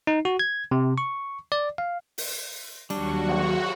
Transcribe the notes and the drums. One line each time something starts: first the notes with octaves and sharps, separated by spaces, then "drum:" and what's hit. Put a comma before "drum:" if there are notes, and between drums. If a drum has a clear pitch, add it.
D#4
F#4
G#6
C3
C#6
D5
F5
drum: open hi-hat
D#2 F#3 G3 D4 F#4 C#6, drum: cymbal
drum: cymbal